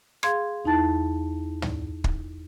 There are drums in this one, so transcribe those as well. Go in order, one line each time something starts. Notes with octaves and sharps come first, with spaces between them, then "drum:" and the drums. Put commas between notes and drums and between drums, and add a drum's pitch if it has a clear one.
G#4 F5 C6 G#6, drum: rim click
E2 D#4 E4 A5 A6
drum: tom
drum: kick